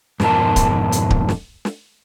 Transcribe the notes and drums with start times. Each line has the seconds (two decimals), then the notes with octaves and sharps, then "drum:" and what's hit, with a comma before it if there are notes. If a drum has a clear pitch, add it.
0.20 F2 G#2 B2 A#4 A5, drum: snare
0.56 drum: kick D1, hi-hat
0.92 drum: hi-hat
1.10 drum: kick D1
1.29 drum: snare
1.65 drum: snare